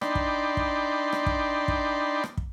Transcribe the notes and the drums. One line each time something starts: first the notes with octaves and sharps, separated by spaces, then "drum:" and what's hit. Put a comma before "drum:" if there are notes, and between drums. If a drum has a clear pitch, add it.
D4 D#4 D5 G5 B5 C6, drum: rim click
drum: kick
drum: kick
drum: rim click
drum: kick
drum: kick
drum: rim click
drum: kick